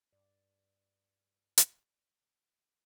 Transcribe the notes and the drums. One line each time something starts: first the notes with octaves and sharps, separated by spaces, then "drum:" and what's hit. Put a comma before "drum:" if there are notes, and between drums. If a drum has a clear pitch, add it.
G2 D5
drum: hi-hat